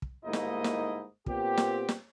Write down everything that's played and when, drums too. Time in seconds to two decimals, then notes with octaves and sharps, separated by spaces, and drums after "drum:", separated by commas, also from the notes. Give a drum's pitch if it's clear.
0.02 drum: kick
0.24 G1 G#2 A#3 D#4 E4 D#5
0.33 drum: snare
0.64 drum: snare
1.26 A#2 B3 C4 G4, drum: kick
1.57 drum: snare
1.89 drum: snare